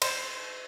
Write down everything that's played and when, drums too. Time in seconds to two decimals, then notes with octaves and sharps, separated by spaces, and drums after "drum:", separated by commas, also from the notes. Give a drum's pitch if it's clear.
0.02 C5, drum: cymbal